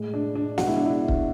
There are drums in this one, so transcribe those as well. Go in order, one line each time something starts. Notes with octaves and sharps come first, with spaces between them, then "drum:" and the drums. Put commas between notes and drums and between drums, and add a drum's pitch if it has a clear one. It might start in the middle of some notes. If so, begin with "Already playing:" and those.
Already playing: A2 G#3
D4
D4
C#2 B2 G#3 F#4, drum: snare
E4
D4
E4
drum: kick C#1